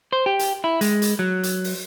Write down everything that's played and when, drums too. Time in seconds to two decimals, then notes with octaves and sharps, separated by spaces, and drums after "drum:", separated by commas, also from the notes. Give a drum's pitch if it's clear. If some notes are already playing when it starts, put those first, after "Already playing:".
0.13 C5
0.26 G4
0.39 drum: hi-hat
0.64 E4
0.81 G#3, drum: hi-hat
1.02 drum: hi-hat
1.19 F#3
1.43 drum: hi-hat
1.64 drum: open hi-hat